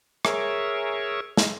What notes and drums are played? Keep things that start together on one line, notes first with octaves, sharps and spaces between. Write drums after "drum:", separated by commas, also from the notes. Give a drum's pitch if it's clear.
G#4 A#4 C#5 E5, drum: rim click
drum: snare